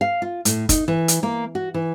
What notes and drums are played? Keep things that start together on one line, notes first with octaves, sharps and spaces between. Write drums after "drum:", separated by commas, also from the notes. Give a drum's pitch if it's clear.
F5
F4
A2, drum: hi-hat
D#4, drum: kick, hi-hat
E3
drum: hi-hat
A#3
F#4
E3